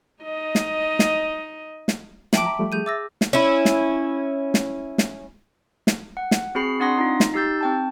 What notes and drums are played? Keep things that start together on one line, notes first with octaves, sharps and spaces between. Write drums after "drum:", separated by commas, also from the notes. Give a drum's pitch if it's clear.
D#4 D#5
drum: snare
drum: snare
drum: snare
F3 E5 G5 A5 B5 D6, drum: snare
A#5
F3 G3 A3
G#4 G6 D#7
E5 D6 E6 A6 A#6
drum: snare
C#4 E4
drum: snare
drum: snare
drum: snare
drum: snare
F#5
drum: snare
C4 F#4 G#4 B5 C7
C4 D4 F#5 C6 D#6 A#6
D#4 F4
drum: snare
D#4 G4 E6 G6 A6
C4 G5 A5